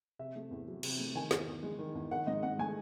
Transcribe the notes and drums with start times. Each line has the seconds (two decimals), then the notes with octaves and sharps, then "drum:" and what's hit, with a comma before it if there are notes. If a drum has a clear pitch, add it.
0.19 C3 E5
0.36 A3
0.51 E2
0.68 F#3
0.83 C3, drum: cymbal
0.99 A3
1.15 D#3 G#5
1.31 E2, drum: snare
1.48 E2
1.63 G#3
1.79 D#3
1.95 E2
2.11 D#3 F#5
2.27 G#2 D#5
2.43 G#2 F#5
2.59 A3 G#5